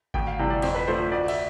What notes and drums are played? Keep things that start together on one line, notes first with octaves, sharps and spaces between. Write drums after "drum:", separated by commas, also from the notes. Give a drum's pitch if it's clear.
D2 G5, drum: kick G#1
F5
C3 E3 G3
D5
F2 C5, drum: cymbal
B4
D3 F3 A3 C5
C5
D2 D5
E5, drum: cymbal